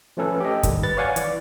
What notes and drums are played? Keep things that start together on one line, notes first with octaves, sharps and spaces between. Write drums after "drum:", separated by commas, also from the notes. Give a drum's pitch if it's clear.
F3 A3 C#4 A4 B4
G4 A4 D#5
G#2 D#3 G3, drum: kick, hi-hat
B4 A6
C#5 D5 F5 F#5 G#5 C#6
E3 D5, drum: hi-hat